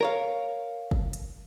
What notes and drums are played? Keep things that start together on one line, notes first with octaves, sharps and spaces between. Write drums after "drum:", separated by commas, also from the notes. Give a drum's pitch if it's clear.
A#4 C#5 F5
drum: kick
drum: hi-hat